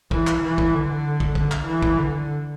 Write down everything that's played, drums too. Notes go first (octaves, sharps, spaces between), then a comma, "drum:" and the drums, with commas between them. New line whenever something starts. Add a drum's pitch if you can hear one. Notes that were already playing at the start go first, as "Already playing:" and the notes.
E3, drum: kick
drum: clap
E3
drum: kick
D3
drum: kick
D3, drum: kick
drum: clap
E3
drum: kick
D3